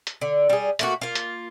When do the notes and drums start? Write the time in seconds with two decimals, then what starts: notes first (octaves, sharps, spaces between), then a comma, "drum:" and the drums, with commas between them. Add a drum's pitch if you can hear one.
0.07 drum: hi-hat
0.21 D3
0.50 G3 G#4
0.79 A3 A#3 F#4, drum: hi-hat
1.01 A#3 F4
1.15 drum: hi-hat